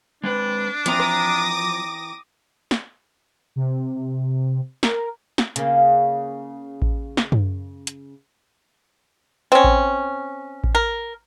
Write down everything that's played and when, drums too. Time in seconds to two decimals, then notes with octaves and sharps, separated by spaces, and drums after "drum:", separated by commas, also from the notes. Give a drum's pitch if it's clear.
0.24 G#3 C4 D4 B4
0.86 E3 F3 C4 A#5 D6 D#6 A#6, drum: hi-hat
1.00 drum: rim click
2.71 drum: snare
3.56 C3
4.83 A#4, drum: snare
5.38 drum: snare
5.56 C#3 A#3, drum: hi-hat
6.82 drum: kick A1
7.17 drum: snare
7.32 drum: tom
7.87 drum: hi-hat
9.52 C4 C#4
9.64 drum: kick A1
10.64 drum: kick A1
10.75 A#4